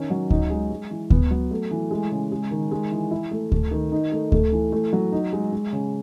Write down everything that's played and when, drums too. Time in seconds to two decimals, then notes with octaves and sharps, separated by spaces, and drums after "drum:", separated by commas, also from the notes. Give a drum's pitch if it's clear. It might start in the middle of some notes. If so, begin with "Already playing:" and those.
Already playing: D#3 C#4
0.10 F#3
0.30 D#4, drum: kick D2
0.50 G#3
0.71 G#3
0.90 E3
1.10 B3, drum: kick D2
1.31 F#3
1.51 A3
1.71 E3
1.91 G#3
2.12 C#3
2.32 G#3
2.51 D#3
2.71 G#3
2.91 E3
3.11 E4
3.31 A3
3.52 A3, drum: kick D2
3.71 D#3
3.92 D#4
4.12 A3
4.32 A3, drum: kick D2
4.52 E3
4.72 A3
4.93 F#3
5.12 D#4
5.32 G#3
5.52 G#3
5.72 C#3